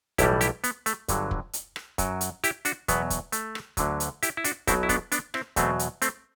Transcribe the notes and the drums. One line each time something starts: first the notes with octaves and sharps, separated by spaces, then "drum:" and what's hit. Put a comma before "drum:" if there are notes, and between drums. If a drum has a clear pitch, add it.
B1 A2 E3 G3 E4 G4, drum: kick, hi-hat
E4 G4, drum: hi-hat
B3, drum: hi-hat
A3, drum: hi-hat
G1 G2 D3 F#3, drum: kick, hi-hat
drum: kick
drum: hi-hat
drum: rim click
F#2 F#3, drum: kick, hi-hat
drum: hi-hat
E4 G4, drum: hi-hat
D4 F#4, drum: hi-hat
E2 B2 F#3 B3, drum: kick, hi-hat
drum: kick, hi-hat
A3, drum: hi-hat
drum: rim click
D2 D3 F#3, drum: kick, hi-hat
drum: hi-hat
E4 G4, drum: hi-hat
E4
D4 F#4, drum: hi-hat
B1 B2 F#3 C4 E4, drum: kick, hi-hat
E4
B3 D4, drum: kick, hi-hat
B3 D4, drum: hi-hat
C4 E4, drum: rim click
E2 B2 F#3 A3 C4, drum: kick, hi-hat
drum: hi-hat
A3 C4, drum: hi-hat